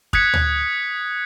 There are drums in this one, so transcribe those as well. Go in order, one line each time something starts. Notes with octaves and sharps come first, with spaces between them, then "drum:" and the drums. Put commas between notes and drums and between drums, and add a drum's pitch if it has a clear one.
D#6 F#6 G#6 B6 C#7, drum: kick
drum: tom